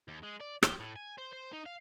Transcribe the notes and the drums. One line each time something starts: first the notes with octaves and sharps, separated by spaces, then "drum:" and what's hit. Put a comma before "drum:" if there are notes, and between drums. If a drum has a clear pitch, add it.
D#2
G#3
D5
G4, drum: rim click
A2
G#5
C5
C5
D#4
F5